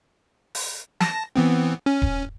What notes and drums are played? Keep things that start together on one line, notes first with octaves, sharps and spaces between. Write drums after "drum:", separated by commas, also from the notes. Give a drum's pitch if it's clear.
drum: open hi-hat
A5 A#6, drum: snare
E3 B3 C4
C#4
drum: kick D#1